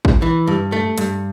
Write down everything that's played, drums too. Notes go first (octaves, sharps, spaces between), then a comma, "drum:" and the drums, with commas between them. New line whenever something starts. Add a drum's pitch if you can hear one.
drum: kick
E3
G2
A3
G2, drum: hi-hat